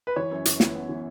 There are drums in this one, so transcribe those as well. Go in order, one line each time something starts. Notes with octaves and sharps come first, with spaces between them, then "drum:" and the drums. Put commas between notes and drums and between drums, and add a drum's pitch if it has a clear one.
B4
E3 C#5
F#2
E3, drum: hi-hat
E3, drum: snare
B3
E3